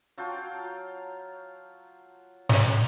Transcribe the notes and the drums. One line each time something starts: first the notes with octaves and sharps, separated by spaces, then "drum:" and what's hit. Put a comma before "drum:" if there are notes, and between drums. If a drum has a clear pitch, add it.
F#3 F4 G5 A5
drum: snare